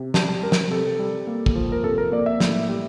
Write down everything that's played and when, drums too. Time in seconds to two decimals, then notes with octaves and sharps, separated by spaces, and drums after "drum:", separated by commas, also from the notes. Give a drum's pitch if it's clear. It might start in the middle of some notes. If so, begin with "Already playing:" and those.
Already playing: C3
0.14 G3 A5, drum: snare
0.29 A5
0.43 G3 A#4
0.52 drum: snare
0.71 C3 A4
0.99 G3
1.27 A#3
1.46 drum: kick
1.55 F3
1.72 A#4
1.83 C3 A4
1.98 A#4
2.12 A#3 D5
2.26 E5
2.40 A2, drum: snare
2.69 G3